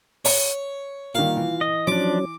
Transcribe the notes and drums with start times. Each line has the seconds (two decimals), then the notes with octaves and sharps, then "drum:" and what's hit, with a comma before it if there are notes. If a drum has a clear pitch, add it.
0.25 C#5, drum: open hi-hat
1.15 D#3 G3 A#3 F4 F5
1.37 E3
1.61 D#5
1.87 F3 F#3 C#4 D4 D6